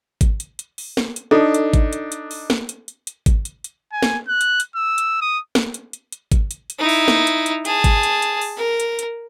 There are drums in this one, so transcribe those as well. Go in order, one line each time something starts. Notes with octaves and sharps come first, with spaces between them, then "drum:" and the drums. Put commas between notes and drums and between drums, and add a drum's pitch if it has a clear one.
drum: kick G#1, hi-hat
drum: hi-hat
drum: hi-hat
drum: open hi-hat
drum: snare
drum: hi-hat
D4 D#4 A4
drum: hi-hat
drum: kick G#1, hi-hat
drum: hi-hat
drum: hi-hat
drum: open hi-hat
drum: snare
drum: hi-hat
drum: hi-hat
drum: hi-hat
drum: kick G#1, hi-hat
drum: hi-hat
drum: hi-hat
G#5
drum: snare
F#6
drum: hi-hat
drum: hi-hat
E6
drum: hi-hat
D#6
drum: snare
drum: hi-hat
drum: hi-hat
drum: hi-hat
drum: kick G#1, hi-hat
drum: hi-hat
drum: hi-hat
D#4 E4
drum: open hi-hat
drum: snare
drum: hi-hat
drum: hi-hat
G#4 A5, drum: hi-hat
drum: kick G#1, hi-hat
drum: hi-hat
drum: hi-hat
drum: open hi-hat
A#4
drum: hi-hat
drum: hi-hat